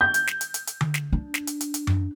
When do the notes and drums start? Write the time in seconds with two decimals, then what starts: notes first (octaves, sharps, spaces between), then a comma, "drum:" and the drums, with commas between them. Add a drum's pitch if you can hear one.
0.01 G6
0.14 drum: hi-hat
0.27 drum: snare
0.41 drum: hi-hat
0.54 drum: hi-hat
0.67 drum: hi-hat
0.81 drum: tom D3
0.94 drum: snare
1.12 D4
1.34 drum: snare
1.47 drum: hi-hat
1.61 drum: hi-hat
1.74 drum: hi-hat
1.87 drum: tom F#2